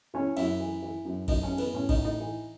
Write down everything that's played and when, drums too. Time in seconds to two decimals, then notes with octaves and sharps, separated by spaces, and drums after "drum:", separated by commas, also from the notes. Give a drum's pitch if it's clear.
0.14 E3 C#4 C#5
0.37 F#2 E4 E5, drum: cymbal
0.60 E3
0.82 E3
1.05 F#2
1.28 F#2 D#4 D#5, drum: kick G#1, cymbal
1.40 D#5
1.43 C#4 C#5
1.52 E3
1.58 B3 B4, drum: cymbal
1.74 A2 C#4 C#5
1.89 D#4 D#5, drum: kick G#1, cymbal
1.97 A2
2.05 D#4 D#5
2.20 E3